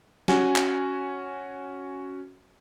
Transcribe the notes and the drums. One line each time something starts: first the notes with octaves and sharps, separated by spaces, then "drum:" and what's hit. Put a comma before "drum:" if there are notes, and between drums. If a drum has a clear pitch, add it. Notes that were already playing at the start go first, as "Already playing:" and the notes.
C#4 F#4 G#5, drum: snare
drum: clap